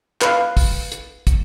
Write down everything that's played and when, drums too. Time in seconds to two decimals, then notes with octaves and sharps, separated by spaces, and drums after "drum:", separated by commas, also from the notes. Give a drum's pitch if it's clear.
0.22 B4 F5, drum: clap
0.57 drum: kick, open hi-hat
0.92 drum: hi-hat
1.27 drum: kick, hi-hat